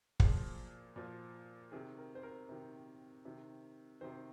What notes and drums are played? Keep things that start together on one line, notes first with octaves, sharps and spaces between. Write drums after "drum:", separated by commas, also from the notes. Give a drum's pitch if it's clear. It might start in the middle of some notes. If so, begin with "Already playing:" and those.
A#2 F3 G#4, drum: kick
A#2 F3
C3 D#3 G#4
A#4
C5
A#4
C3 D#3
C3 D#3
C3 D#3 C5